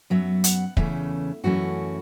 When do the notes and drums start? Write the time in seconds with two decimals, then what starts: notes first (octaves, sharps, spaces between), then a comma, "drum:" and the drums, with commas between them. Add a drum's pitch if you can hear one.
0.10 F#2 F#3 B3 E5
0.44 F#5, drum: hi-hat
0.77 E2 C#3 E3 A3 C#4 E5, drum: kick
1.44 F#2 E3 A3 C#4 F#4